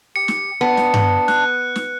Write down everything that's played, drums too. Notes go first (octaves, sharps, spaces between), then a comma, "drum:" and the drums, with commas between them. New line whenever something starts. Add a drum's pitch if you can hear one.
G4 C#7
drum: snare
B3 D4
drum: snare
drum: tom G2
F#6, drum: snare
drum: snare